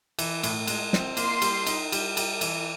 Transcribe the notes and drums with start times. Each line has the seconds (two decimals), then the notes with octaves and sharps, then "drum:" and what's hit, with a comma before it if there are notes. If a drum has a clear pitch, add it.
0.19 E3, drum: cymbal
0.43 A2, drum: cymbal
0.67 G#3, drum: cymbal
0.93 C4, drum: snare
1.17 A#3 C6, drum: cymbal
1.42 G3, drum: cymbal
1.67 D#4, drum: cymbal
1.92 G3, drum: cymbal
2.17 G3, drum: cymbal
2.41 E3, drum: cymbal